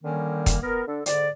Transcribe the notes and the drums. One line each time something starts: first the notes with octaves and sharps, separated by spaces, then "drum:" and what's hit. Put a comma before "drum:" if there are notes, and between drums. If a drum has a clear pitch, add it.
D3 D#3 G3 A#3 C#4
drum: kick, hi-hat
B3 A#4
D3 D4 A4
G#2 D3 D5, drum: hi-hat